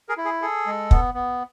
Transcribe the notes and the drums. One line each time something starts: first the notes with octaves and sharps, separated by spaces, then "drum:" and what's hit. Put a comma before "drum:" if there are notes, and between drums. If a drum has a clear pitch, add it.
G#4 A#4
E4
G#4
G#4 A4
G#3
B3, drum: kick
B3